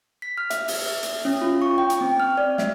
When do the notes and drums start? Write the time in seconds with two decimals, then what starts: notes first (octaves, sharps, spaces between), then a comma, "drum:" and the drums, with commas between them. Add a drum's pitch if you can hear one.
0.22 B6
0.38 F6
0.50 E5, drum: hi-hat
0.68 drum: open hi-hat
1.03 drum: hi-hat
1.25 C#4
1.41 F4
1.62 C#6
1.78 G5
1.90 drum: hi-hat
2.01 C4
2.20 F6
2.37 D5
2.58 E5, drum: snare